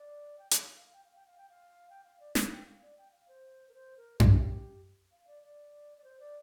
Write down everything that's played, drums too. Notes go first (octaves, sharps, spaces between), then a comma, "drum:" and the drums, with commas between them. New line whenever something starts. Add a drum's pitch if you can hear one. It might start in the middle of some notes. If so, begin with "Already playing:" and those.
Already playing: D5
G5
F5, drum: hi-hat
F5
F5
G5
F5
G5
F5
G5
F5
G5
F5
D5
F5, drum: snare
G5
F5
D5
G5
F5
C5
A#4
C5
A#4
G4, drum: tom F#2
F5
D5
D5
D5
C5
D5